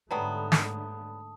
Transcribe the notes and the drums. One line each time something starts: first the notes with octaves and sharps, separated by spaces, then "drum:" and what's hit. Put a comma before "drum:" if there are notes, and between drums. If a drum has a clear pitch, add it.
G#2 D3 F#3 G3 A3 B3 A5 D#6
drum: snare